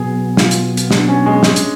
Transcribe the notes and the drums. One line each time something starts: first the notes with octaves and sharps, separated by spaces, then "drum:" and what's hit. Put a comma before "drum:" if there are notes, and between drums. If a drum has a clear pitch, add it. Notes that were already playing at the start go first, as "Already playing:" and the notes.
Already playing: B2 F#3 B3 G#4
F4, drum: snare
drum: hi-hat
drum: hi-hat
D4, drum: snare
C#4
G#3
G#3, drum: snare
drum: hi-hat